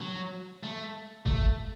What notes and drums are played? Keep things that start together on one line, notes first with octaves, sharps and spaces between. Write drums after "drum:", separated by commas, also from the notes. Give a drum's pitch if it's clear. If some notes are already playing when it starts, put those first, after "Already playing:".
F#3
A3
A3, drum: kick G1